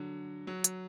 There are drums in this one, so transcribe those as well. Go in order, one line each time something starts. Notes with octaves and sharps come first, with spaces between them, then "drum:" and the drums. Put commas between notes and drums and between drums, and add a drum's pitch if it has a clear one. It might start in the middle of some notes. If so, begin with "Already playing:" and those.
Already playing: D3 F#3
F#3
drum: hi-hat